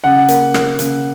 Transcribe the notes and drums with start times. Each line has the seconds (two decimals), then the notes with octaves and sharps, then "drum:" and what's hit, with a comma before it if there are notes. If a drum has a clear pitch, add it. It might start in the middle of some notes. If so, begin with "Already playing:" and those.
0.04 C#3 F#5
0.28 A#3, drum: hi-hat
0.54 A#3, drum: rim click
0.79 C#3, drum: hi-hat